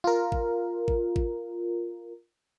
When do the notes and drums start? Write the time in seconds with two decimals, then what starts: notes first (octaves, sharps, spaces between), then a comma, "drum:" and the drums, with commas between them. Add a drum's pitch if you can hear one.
0.04 F4 A#4
0.32 drum: kick G#1
0.88 drum: kick G#1
1.16 drum: kick G#1